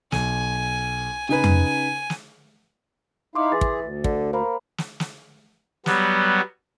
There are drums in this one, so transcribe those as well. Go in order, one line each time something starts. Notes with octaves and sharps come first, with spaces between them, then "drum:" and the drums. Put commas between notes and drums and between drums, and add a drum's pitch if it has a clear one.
B1 G#5, drum: snare
C#3 D#4 B4 G#5
drum: tom F2
drum: snare
D#4 E4 F5 C6 D6
E3 G#4 A6
drum: kick
D2
D3, drum: kick
A#3 C5 A#5 B5
drum: snare
drum: snare
F#3 G3 B3, drum: snare